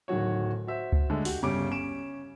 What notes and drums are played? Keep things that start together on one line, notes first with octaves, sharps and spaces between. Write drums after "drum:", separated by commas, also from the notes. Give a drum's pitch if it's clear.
D1 D#3 F#3 F#4 C#5
F#4 C5 E5
drum: kick C#2
D3 G#3 A3
F#4 G4, drum: open hi-hat
G1 C#3 G3 C#5 D6 D7
C#4 D7 E7